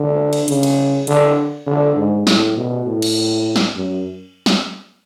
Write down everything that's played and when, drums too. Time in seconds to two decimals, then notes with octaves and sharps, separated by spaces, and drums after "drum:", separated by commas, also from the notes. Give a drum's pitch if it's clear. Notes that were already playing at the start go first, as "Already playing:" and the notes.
Already playing: D3
0.33 drum: cymbal
0.48 C#3, drum: hi-hat
0.63 drum: cymbal
1.07 D3, drum: hi-hat
1.66 D3
1.96 G#2
2.27 A2, drum: snare
2.57 B2
2.86 A2
3.02 drum: cymbal
3.56 drum: snare
3.76 F#2
4.46 drum: snare